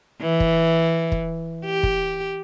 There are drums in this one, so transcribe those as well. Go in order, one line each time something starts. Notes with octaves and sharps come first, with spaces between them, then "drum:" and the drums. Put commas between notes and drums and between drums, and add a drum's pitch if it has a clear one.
E3
drum: kick
drum: kick
G4
drum: kick